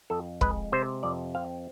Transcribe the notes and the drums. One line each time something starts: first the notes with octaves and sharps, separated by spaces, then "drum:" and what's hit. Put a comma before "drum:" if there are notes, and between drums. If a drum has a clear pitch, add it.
F2 A4
G#3 B4, drum: kick
C3 C5
F2 D5
C4 F5